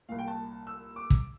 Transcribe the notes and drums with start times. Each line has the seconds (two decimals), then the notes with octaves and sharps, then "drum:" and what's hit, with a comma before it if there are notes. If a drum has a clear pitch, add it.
0.09 C2 A#2 F5
0.19 G5
0.28 A5
0.67 E6
0.96 D6
1.10 drum: kick